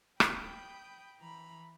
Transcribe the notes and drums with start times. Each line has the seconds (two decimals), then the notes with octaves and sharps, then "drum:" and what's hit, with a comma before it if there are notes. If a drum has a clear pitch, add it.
0.20 G5 B5 D#6 G6, drum: rim click
1.19 E3 A#5 B5